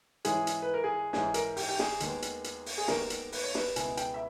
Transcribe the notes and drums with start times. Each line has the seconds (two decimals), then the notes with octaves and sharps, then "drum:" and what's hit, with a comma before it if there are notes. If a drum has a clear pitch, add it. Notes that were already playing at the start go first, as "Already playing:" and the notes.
0.25 G#2 E3 G#3 C#4 E4 G#4, drum: hi-hat
0.47 drum: hi-hat
0.62 B4
0.74 A#4
0.84 G#4
1.13 G#2 E3 G#3 C#4 E4 G#4, drum: snare
1.34 A#4, drum: hi-hat
1.57 G4, drum: open hi-hat
1.69 G4
1.79 G#4, drum: snare
2.00 D#2 D#3 G#3 B3, drum: hi-hat
2.22 drum: hi-hat
2.44 drum: hi-hat
2.66 drum: open hi-hat
2.78 G#4
2.88 D#2 D#3 G#3 B3 A#4, drum: snare
3.10 drum: hi-hat
3.32 B4, drum: open hi-hat
3.44 C#5
3.55 B4, drum: snare
3.76 C#2 B2 G#3 B3 E4 G#5, drum: hi-hat
3.97 G5, drum: hi-hat
4.14 E5